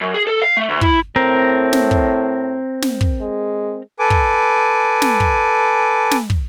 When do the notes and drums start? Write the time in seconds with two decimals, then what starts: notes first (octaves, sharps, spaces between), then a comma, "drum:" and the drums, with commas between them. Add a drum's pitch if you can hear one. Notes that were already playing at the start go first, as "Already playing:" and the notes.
0.01 F#2
0.14 G#4
0.27 A4
0.42 F5
0.57 A3
0.69 D2
0.81 E4, drum: kick
1.16 A2 C4 A#4
1.73 drum: snare
1.91 drum: kick
2.82 drum: snare
3.01 drum: kick
3.21 G#3
3.99 A4 B4 G#5 D6
4.10 drum: kick
5.02 drum: snare
5.20 drum: kick
6.11 drum: snare
6.30 drum: kick